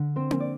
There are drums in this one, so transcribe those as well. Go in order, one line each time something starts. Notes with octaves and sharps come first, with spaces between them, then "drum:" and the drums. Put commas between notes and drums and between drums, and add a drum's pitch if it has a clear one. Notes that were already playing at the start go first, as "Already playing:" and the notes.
Already playing: D3
C4 C5
A#3, drum: tom C4
D5